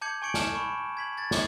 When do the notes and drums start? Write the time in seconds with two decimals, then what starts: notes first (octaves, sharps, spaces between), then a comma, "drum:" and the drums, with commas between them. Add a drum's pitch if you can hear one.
0.01 A5 D6 G6 G#6 C#7 F#7
0.22 G#5 C#6 G#6 C#7 D7 F#7
0.34 G#5 A5 F6 C#7 E7, drum: snare
0.55 B5 C#6
0.97 G#6 B6 F#7
1.17 G#6 A6
1.31 drum: snare